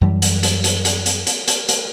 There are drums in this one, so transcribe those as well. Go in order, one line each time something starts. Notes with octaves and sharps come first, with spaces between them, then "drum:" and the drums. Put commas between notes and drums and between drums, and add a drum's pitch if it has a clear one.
F#2 E3 G3
drum: hi-hat
drum: hi-hat
drum: hi-hat
drum: hi-hat
drum: hi-hat
drum: hi-hat
drum: hi-hat
drum: hi-hat